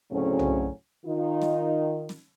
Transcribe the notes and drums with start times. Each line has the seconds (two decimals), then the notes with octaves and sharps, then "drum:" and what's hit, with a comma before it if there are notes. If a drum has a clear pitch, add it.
0.11 D2 A2 C#3 F#3 C4 C#4
0.39 drum: tom B1
1.06 D#3 D#4 F4
1.42 drum: snare
2.09 drum: snare